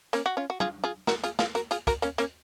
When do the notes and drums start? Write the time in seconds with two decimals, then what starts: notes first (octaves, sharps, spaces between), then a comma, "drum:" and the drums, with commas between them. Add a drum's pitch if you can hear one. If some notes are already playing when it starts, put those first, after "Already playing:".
0.13 A#3 C#4, drum: hi-hat
0.26 F#4
0.37 C#4 F4
0.50 F#4
0.60 F4 G#4, drum: tom F#3
0.84 F4 G#4
1.07 F#4 A#4, drum: snare
1.24 F4 G#4, drum: hi-hat
1.39 F4 G#4, drum: snare
1.55 F#4 A#4, drum: hi-hat
1.71 F4 G#4, drum: hi-hat
1.87 F#4 A#4, drum: kick, hi-hat
2.02 A#3 C#4, drum: hi-hat
2.18 A#3 C#4, drum: hi-hat